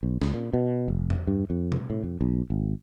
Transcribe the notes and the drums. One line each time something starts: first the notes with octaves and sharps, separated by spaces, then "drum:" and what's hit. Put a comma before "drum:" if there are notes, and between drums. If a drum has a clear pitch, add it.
B1
C#2, drum: snare
A#2
B2
F1
drum: tom E2
G2
F2
drum: tom B2
A2
F2
B1
G#1